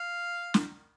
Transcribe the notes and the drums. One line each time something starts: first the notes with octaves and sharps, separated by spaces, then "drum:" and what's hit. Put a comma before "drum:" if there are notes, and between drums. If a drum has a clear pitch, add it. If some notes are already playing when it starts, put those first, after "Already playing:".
Already playing: F5
drum: snare